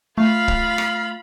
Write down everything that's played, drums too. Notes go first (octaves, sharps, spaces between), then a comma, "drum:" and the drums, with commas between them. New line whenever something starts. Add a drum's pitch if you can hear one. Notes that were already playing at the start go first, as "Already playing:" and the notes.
A3 F4 F5 B5
drum: kick
drum: rim click